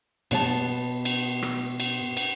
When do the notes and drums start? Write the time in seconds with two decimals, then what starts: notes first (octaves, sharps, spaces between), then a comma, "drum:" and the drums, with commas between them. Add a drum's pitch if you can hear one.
0.31 B2 C#5 A5, drum: cymbal
1.05 drum: cymbal
1.42 drum: rim click
1.80 drum: cymbal
2.17 drum: cymbal